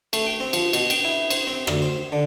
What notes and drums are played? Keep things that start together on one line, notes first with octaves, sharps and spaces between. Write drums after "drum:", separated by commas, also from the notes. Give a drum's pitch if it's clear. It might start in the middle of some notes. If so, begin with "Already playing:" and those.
A3, drum: cymbal
G5
C4
F3, drum: cymbal
B2, drum: cymbal
G5, drum: cymbal
E4
C5, drum: cymbal
C4
D2, drum: rim click
C5
D3